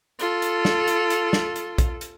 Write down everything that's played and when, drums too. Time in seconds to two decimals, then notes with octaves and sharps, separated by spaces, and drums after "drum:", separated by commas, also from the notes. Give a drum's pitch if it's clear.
0.19 F4 A4, drum: hi-hat
0.42 drum: hi-hat
0.65 drum: snare
0.88 drum: hi-hat
1.10 drum: hi-hat
1.33 drum: snare
1.56 drum: hi-hat
1.78 drum: kick, hi-hat
2.01 drum: hi-hat